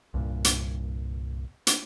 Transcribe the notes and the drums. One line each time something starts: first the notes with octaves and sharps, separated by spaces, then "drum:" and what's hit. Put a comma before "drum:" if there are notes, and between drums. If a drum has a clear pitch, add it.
C2 G2 A#2
drum: hi-hat
drum: hi-hat